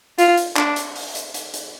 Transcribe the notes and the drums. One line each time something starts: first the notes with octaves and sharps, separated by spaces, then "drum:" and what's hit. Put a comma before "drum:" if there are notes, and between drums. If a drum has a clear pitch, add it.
F4, drum: hi-hat
drum: hi-hat
D4, drum: clap
drum: hi-hat
drum: open hi-hat
drum: hi-hat
drum: hi-hat
drum: hi-hat